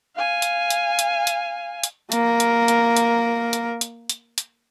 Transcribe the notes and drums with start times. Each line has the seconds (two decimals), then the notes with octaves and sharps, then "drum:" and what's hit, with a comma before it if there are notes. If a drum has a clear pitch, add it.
0.16 F5 G#5
0.42 drum: hi-hat
0.70 drum: hi-hat
0.99 drum: hi-hat
1.27 drum: hi-hat
1.83 drum: hi-hat
2.12 A#3 A#4, drum: hi-hat
2.40 drum: hi-hat
2.68 drum: hi-hat
2.96 drum: hi-hat
3.53 drum: hi-hat
3.81 drum: hi-hat
4.09 drum: hi-hat
4.38 drum: hi-hat